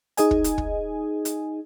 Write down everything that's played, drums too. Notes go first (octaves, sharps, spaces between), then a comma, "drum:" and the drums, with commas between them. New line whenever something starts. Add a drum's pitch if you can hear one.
D#4 G#4 D#5 G#5, drum: hi-hat
drum: kick
drum: hi-hat
drum: kick
drum: hi-hat